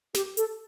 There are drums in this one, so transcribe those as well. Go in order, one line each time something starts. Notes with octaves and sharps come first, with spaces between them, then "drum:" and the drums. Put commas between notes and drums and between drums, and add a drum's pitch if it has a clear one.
G4, drum: snare
A4, drum: hi-hat